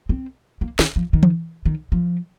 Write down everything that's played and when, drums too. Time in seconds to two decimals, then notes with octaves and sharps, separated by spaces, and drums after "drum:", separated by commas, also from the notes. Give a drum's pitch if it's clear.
0.09 C4
0.61 A#3
0.79 D#3, drum: snare
0.96 F3
1.13 D#3
1.23 drum: tom E3
1.65 D#3
1.92 F3